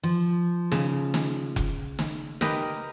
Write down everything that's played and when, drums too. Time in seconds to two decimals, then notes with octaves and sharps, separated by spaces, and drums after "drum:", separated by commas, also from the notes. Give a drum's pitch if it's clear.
0.03 F3
0.72 C#3, drum: snare
1.14 drum: snare
1.56 drum: kick F1, hi-hat
1.99 drum: snare
2.41 G4 A#4 B4 D#5, drum: snare